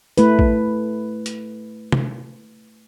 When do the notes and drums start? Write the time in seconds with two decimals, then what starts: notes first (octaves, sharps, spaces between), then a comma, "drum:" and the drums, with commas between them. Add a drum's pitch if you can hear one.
0.18 A3 E4 B4, drum: hi-hat
0.39 drum: kick A#1
1.26 drum: hi-hat
1.92 drum: tom C3